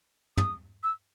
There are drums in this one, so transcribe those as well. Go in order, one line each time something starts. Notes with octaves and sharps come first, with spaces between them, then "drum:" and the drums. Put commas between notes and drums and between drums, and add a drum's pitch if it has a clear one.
D#6, drum: tom
E6